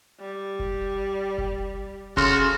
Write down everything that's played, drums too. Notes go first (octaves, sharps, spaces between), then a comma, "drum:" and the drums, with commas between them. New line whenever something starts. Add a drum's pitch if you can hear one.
G3
drum: kick F1
drum: kick F1
C#3 F#4 A4 C6 F6, drum: kick F1